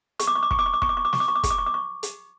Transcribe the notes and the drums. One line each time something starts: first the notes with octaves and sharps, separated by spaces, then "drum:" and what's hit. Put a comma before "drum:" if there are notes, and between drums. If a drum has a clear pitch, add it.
C#6, drum: hi-hat
D6
C#6
D6
C#6, drum: kick
D6
C#6
D6
C#6, drum: kick
D6
C#6
D6
C#6, drum: snare
D6
C#6
D6
C#6, drum: kick, hi-hat
D6
C#6
D6
C#6
drum: hi-hat